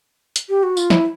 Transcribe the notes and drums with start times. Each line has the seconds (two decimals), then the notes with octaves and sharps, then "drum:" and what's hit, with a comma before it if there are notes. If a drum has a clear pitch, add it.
0.36 drum: hi-hat
0.49 G4
0.63 F#4
0.77 F4, drum: tambourine
0.90 E4, drum: snare